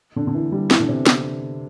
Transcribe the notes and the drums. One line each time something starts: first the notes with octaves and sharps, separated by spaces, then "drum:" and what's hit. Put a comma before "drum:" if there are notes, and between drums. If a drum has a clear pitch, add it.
D3
D3
E3
G3
E3, drum: snare
D3
C3
drum: snare